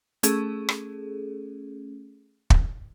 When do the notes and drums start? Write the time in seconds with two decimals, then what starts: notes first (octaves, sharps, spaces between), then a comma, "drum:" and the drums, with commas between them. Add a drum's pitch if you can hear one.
0.23 A3 C#4 G#4 A4, drum: hi-hat
0.69 drum: rim click
2.50 drum: kick